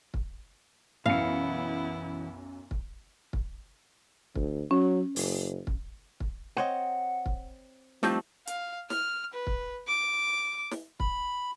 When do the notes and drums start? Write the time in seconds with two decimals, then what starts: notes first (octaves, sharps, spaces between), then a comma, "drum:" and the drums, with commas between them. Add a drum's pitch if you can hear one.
0.14 drum: kick
1.06 B1 F#2 E3 B3 E4 F5 C#7
2.71 drum: kick
3.33 drum: kick
4.35 D2, drum: kick
4.71 F#3 C#4
5.16 F#1, drum: open hi-hat
5.67 drum: kick
6.20 drum: kick
6.57 C4 C#5 D#5 F#5
7.26 drum: kick
8.03 F3 G3 A3 C4 D4 D#4, drum: snare
8.47 F5, drum: hi-hat
8.90 F6, drum: snare
9.33 B4
9.47 drum: kick
9.87 D6
10.71 drum: snare
11.00 B5, drum: kick